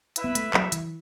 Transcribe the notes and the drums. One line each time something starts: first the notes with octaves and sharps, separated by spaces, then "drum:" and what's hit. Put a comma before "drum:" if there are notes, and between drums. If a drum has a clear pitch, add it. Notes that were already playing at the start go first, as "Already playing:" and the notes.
E4 B4 E5, drum: hi-hat
B3
A3, drum: hi-hat
F#3, drum: clap
E3, drum: hi-hat